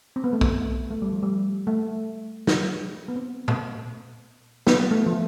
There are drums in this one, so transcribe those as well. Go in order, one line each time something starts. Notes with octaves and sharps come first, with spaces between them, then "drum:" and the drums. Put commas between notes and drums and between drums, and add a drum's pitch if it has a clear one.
C4
B3
A3
B3, drum: kick
A3
G3
F3
G3
A3
drum: snare
B3
C4
drum: tom A#2
B3, drum: snare
A3
F3